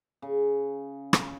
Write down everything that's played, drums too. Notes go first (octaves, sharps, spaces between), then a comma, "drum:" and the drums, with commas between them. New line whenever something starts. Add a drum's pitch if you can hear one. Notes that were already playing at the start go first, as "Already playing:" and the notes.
C#3
drum: rim click